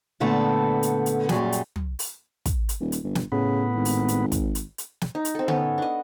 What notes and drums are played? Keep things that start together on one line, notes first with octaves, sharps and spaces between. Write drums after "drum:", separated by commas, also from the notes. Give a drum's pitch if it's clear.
A#2 D3 A3 B3 C4 A4
drum: hi-hat
drum: hi-hat
F#2 A#2 F#3 G3 G#4, drum: snare
drum: hi-hat
drum: tom
drum: open hi-hat
drum: kick, hi-hat
drum: hi-hat
D#1
drum: hi-hat
G1
drum: snare
A2 C#3 B3
G#1
drum: open hi-hat
drum: hi-hat
drum: kick, hi-hat
drum: hi-hat
drum: hi-hat
drum: snare
D#4
drum: hi-hat
C4 A4
B3 C#4 A4, drum: tom D3
D4 D#5